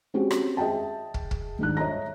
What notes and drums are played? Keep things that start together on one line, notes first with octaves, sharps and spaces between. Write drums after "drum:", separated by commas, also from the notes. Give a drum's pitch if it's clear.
G#3 C4 C#4 F#4 G4
drum: rim click
G#4 D#5 E5 G5 A5
drum: kick
drum: kick
D#1 G#2 D4 D#4 F#6
C#5 D#5 E5 A#5 A#6